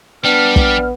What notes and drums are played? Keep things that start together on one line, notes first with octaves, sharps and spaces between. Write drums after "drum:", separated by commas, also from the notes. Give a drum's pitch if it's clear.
G3 B3 D4 F6
drum: kick